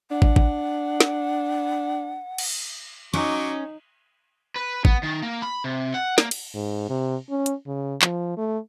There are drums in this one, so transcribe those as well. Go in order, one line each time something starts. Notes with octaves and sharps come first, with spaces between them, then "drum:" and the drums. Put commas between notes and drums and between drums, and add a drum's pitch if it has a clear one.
D4 F#5
drum: kick
drum: kick
drum: snare
drum: cymbal
F#3 C#4 D#4 C#6 D6
B4
B3, drum: kick
D#3
A#3
B5
C3
F#5
A#3, drum: snare
drum: cymbal
G#2
C3
C#4
drum: hi-hat
C#3
F3, drum: clap
A3